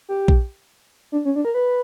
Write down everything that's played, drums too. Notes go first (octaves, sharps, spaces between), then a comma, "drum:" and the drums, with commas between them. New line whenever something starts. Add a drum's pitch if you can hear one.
G4
drum: kick A#1
D4
C#4
D4
A#4
B4